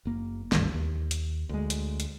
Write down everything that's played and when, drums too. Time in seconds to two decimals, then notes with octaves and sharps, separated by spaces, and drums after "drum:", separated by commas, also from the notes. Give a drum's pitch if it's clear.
0.05 F#1 A#3
0.52 G#1 D2 G2 A3, drum: snare
0.74 D#2
1.11 drum: hi-hat
1.49 D2 G#3
1.70 drum: hi-hat
2.00 drum: hi-hat